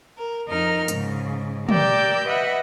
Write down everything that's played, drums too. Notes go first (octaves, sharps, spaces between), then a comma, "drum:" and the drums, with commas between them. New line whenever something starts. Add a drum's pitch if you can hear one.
A#4
F2 D#4 A#4 F6
G#2 C#3, drum: hi-hat
G4 A#4 D5 D6 E6 G6, drum: tom
B4 D#5 E5 F#5 B5